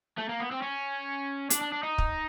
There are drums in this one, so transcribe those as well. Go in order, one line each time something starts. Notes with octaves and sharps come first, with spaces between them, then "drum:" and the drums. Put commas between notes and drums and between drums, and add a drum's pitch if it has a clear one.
A3
A#3
B3
C4
C#4
D4, drum: hi-hat
D4
D4
D#4
drum: kick